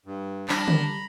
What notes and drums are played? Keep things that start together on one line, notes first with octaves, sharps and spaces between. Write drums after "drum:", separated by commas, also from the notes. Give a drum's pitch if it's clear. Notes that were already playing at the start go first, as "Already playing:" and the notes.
G2
F3 G3 D4 A#5 B5, drum: clap
drum: tom D3